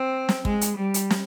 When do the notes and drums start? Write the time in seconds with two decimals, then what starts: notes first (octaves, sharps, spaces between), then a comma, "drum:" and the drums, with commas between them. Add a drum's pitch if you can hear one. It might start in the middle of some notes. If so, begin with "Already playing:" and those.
Already playing: C4
0.29 drum: snare
0.45 G#3, drum: kick
0.61 drum: hi-hat
0.77 G3
0.94 drum: hi-hat
1.10 drum: snare